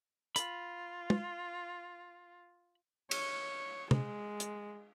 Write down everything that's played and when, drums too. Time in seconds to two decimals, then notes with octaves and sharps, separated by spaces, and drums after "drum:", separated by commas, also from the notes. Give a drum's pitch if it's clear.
0.36 F4 B5, drum: hi-hat
1.10 drum: tom
3.11 C#5, drum: cymbal
3.91 G#3, drum: tom
4.40 drum: hi-hat